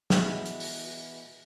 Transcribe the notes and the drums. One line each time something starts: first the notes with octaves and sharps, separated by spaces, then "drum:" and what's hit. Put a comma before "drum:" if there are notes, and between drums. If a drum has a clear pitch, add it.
B2 E3 G#3 F#5, drum: snare
drum: hi-hat
drum: open hi-hat